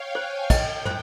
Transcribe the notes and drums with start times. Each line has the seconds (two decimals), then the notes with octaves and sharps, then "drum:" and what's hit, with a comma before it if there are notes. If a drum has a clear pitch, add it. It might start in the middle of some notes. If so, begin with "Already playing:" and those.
Already playing: C#5 F5 G5
0.15 C5 G#5
0.50 D#5 G5, drum: kick, cymbal
0.86 C5, drum: tom